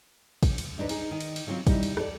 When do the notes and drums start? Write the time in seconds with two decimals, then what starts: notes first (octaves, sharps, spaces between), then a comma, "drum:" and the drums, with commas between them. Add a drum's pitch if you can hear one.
0.43 drum: kick, cymbal
0.58 drum: cymbal
0.78 D#2 D4 D#4 B4
0.89 D#4 G#4, drum: cymbal
1.11 D#3
1.20 drum: cymbal
1.36 drum: cymbal
1.47 C#3 F#3 C4 F4
1.67 G3 D#4 E4, drum: kick, cymbal
1.83 drum: cymbal
1.97 G4 A4 C#5 D5, drum: rim click